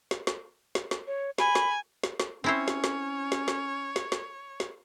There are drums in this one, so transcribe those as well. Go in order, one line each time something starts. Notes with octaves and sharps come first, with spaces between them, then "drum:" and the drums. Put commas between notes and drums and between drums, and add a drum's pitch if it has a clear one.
drum: snare
drum: snare
drum: snare
drum: snare
C#5
G#5 B5, drum: snare
drum: snare
drum: snare
drum: snare
C4 C#4 E4 C5 C#5
drum: snare
drum: snare
drum: snare
drum: snare
drum: snare
drum: snare
drum: snare